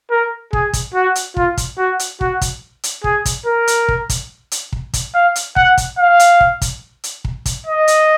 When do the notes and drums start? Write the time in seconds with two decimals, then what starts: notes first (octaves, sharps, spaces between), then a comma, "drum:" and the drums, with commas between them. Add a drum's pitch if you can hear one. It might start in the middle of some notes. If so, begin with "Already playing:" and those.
0.11 A#4
0.53 G#4, drum: kick
0.73 drum: kick, hi-hat
0.95 F#4
1.15 drum: hi-hat
1.37 F4, drum: kick
1.57 drum: kick, hi-hat
1.78 F#4
1.99 drum: hi-hat
2.21 F#4, drum: kick
2.41 drum: kick, hi-hat
2.83 drum: hi-hat
3.04 G#4, drum: kick
3.25 drum: kick, hi-hat
3.46 A#4
3.67 drum: hi-hat
3.89 drum: kick
4.10 drum: kick, hi-hat
4.52 drum: hi-hat
4.73 drum: kick
4.94 drum: kick, hi-hat
5.15 F5
5.36 drum: hi-hat
5.56 F#5, drum: kick
5.78 drum: kick, hi-hat
5.99 F5
6.20 drum: hi-hat
6.41 drum: kick
6.62 drum: kick, hi-hat
7.04 drum: hi-hat
7.25 drum: kick
7.46 drum: kick, hi-hat
7.67 D#5
7.88 drum: hi-hat